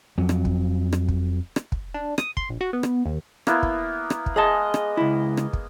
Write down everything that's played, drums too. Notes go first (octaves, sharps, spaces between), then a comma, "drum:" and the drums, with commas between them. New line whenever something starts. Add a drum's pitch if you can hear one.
F2 F#3
drum: rim click
drum: kick
drum: rim click
drum: kick
drum: rim click
drum: kick
D4
D#6, drum: rim click
C6, drum: kick
A#1
F#4
B3
drum: rim click
D#2
A#3 B3 E4, drum: rim click
drum: kick
drum: rim click
drum: kick
G#3 G#4 D#5 A5
drum: rim click
C#2 E4
drum: rim click
drum: kick